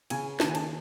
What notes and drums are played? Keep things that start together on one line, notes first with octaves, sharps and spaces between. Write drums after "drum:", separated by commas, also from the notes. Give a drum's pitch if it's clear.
C#3 G#5, drum: cymbal
D#2 A5, drum: snare
G#5
A5, drum: cymbal